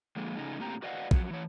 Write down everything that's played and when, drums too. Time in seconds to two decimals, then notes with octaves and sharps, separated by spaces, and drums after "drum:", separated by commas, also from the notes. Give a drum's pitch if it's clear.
0.16 D3 F3 G#3 A#3
0.37 C#3 A3 C#4 D#4
0.59 A2 A#3 C4 G4 A#5
0.82 F#4 B4 D5 D#5 F5 F#5
1.11 F2 F#3, drum: kick
1.30 E3 C#5